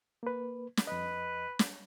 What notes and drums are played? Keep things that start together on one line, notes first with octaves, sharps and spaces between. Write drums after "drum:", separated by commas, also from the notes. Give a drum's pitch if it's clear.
A#3 B4
drum: snare
F2 B4 D#5
drum: snare